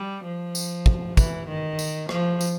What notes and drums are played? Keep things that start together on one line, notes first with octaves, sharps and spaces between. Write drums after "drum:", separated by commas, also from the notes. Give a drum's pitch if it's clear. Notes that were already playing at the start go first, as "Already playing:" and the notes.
Already playing: G3
F3
drum: tambourine
drum: kick
E3, drum: kick, tambourine
D#3
drum: tambourine
F3, drum: rim click
drum: tambourine